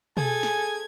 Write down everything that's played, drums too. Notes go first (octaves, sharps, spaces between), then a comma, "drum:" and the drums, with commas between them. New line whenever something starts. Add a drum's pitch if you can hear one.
G#4 A4 G#5 G#6, drum: tom B2
drum: snare